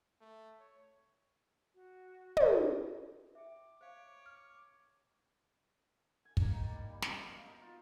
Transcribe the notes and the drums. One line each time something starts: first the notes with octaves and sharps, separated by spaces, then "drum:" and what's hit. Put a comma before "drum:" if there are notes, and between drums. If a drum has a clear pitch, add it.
A3
C#5
F#4
drum: tom
E5 G5 D6
C5 C#5 F5
F6
G#5
A#3, drum: kick
D#3
D5
G3
G3
B2, drum: snare
F#2
F5
D#4
F4